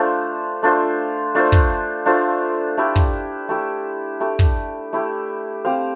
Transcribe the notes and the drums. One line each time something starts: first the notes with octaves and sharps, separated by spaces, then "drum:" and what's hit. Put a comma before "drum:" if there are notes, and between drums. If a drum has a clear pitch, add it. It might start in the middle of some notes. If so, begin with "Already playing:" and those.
Already playing: A3 D4 F4 C5
A3 D4 F4 C5
A3 D4 F4 C5
drum: kick
A3 D4 F4 C5
A3 E4 G4
drum: kick
A3 E4 G4
A3 E4 G4
drum: kick
A3 E4 G4
C4 G4 C5 F5